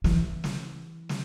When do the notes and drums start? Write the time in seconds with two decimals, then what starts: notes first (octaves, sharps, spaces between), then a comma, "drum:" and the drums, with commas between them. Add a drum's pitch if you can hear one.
0.04 E3, drum: snare
0.44 drum: snare
1.09 drum: snare